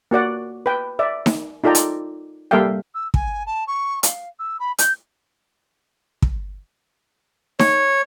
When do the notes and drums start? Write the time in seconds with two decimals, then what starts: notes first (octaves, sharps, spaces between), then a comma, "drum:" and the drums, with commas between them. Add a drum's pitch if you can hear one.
0.11 A#3 F#4 D5 F#5
0.66 B4 G5
0.99 D5 E5
1.26 drum: snare D#4
1.64 D#4 F4 A4 D5 G5 A#5
1.75 drum: hi-hat
2.51 G3 A#3 A4 E5 F5 G5
2.94 E6
3.14 G#5, drum: kick
3.46 A5
3.67 C#6
4.03 F5, drum: hi-hat
4.39 E6
4.59 B5
4.78 G6, drum: hi-hat
6.22 drum: kick
7.59 C#5, drum: snare D#4